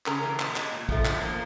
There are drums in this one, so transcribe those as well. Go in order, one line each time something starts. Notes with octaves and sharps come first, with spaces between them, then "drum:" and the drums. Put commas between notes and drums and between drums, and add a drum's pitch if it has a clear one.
C#3 G#4 A#4, drum: clap
E3 A3
B2, drum: clap
G#3, drum: clap
A#2
F3 A3, drum: kick
A2, drum: clap
F3 A#3